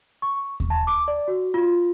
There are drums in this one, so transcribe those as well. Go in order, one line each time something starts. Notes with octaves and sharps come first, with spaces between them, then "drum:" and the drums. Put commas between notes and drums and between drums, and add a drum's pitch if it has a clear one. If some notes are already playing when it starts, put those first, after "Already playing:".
C#6
drum: kick D#2
A5
D6
D5
F#4
F4